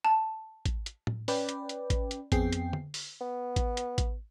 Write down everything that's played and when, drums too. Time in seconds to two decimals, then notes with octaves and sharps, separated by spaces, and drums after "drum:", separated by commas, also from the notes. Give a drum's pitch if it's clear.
0.05 A5
0.66 drum: kick A1, hi-hat
0.86 drum: hi-hat
1.07 drum: tom A2
1.28 C#4 B4 D5 G5, drum: open hi-hat
1.49 drum: hi-hat
1.69 drum: hi-hat
1.90 drum: kick A1, hi-hat
2.11 drum: hi-hat
2.32 F2 B3 C4 G#4 G5 C7, drum: kick A1, hi-hat
2.52 drum: hi-hat
2.73 drum: tom D3
2.94 drum: open hi-hat
3.21 B3
3.56 drum: kick A1, hi-hat
3.77 drum: hi-hat
3.98 drum: kick A1, hi-hat